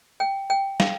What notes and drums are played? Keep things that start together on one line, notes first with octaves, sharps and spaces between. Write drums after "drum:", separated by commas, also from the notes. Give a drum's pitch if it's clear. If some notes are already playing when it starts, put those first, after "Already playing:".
G5
G5
F5, drum: snare